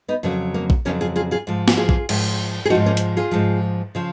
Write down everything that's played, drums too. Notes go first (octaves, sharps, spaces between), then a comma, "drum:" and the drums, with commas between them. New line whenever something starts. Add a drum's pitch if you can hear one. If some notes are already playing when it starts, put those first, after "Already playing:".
B3 D#4
F2 C#3 F#3 A#3 C#4
A#3
drum: kick A#1
F2 C#3 F#3 A#3 C#4
F4 G#4
F4 G#4
F4 G#4
G#2 F3
drum: snare
F4 G#4
drum: kick A#1
G#2 F3, drum: cymbal
G#4
F3 D#4 F#4
G#2
A#3 C#4
drum: hi-hat
F4 G#4
G#2 F3
C#3 F3